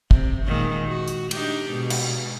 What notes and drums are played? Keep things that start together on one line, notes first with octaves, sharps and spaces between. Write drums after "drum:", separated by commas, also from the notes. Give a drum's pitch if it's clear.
C3, drum: kick
A#2 D#3 G#3
F#4
drum: hi-hat
D4 D#4 G4, drum: cymbal
G#2 B2
drum: cymbal